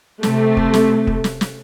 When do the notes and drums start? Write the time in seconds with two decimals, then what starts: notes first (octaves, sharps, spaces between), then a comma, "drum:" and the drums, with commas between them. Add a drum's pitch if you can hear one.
0.23 C3 A3, drum: snare
0.57 drum: kick
0.74 drum: snare
1.07 drum: kick
1.24 drum: snare
1.41 drum: snare